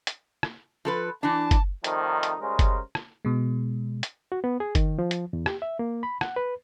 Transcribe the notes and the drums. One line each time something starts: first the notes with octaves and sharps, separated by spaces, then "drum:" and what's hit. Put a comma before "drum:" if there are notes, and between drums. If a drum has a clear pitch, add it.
drum: hi-hat
drum: rim click
F3 A4 B4
E3 D4 A5
drum: kick F#1, hi-hat
C3 D#3 F3 G3 A3 D#4, drum: hi-hat
drum: hi-hat
C#3 G3 G#3 C#4 A#4 C5
drum: kick F#1, hi-hat
drum: rim click
B2 G#3
drum: hi-hat
F#4
B3
G#4
D#3, drum: kick F#1, hi-hat
F3
drum: hi-hat
E2
G4, drum: rim click
E5
A#3
B5
F#5, drum: rim click
B4